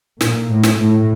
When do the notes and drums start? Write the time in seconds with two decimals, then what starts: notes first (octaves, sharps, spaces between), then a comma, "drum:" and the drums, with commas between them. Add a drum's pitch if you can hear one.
0.21 A#2, drum: snare
0.49 A2
0.63 drum: snare
0.78 A2